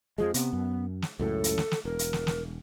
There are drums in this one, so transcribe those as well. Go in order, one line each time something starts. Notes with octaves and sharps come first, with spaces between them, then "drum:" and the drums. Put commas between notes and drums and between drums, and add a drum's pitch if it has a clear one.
F2 F3 G#3 G#4
C3 B3, drum: hi-hat
F#2
drum: snare
C#2 F#2 A2 A4
drum: hi-hat
drum: snare
drum: snare
E1 A#4
drum: hi-hat
drum: snare
drum: snare